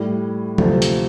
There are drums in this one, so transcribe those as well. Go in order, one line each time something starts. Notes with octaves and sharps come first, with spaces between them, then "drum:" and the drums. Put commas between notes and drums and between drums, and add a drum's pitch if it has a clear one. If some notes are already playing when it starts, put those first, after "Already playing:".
Already playing: A2 G3
D2 C3 F3, drum: tom F#3
drum: hi-hat